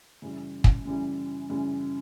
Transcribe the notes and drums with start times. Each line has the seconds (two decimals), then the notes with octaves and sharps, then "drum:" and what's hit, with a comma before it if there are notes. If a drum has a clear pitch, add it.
0.22 F#2 C#3 E3 G3
0.64 drum: kick
0.85 F#2 C#3 E3 G3
1.49 F#2 C#3 E3 G3